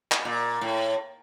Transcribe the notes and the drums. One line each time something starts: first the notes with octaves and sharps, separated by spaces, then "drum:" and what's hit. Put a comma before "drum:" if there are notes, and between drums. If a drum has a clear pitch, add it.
drum: clap
A#2
A2